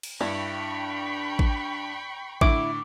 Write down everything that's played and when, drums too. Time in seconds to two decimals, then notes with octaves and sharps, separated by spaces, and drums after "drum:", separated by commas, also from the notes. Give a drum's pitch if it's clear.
0.03 drum: cymbal
0.21 G2 D4 E4 G5 B5 C#6
1.39 drum: kick A1
2.41 A2 D3 E4 D6, drum: kick A1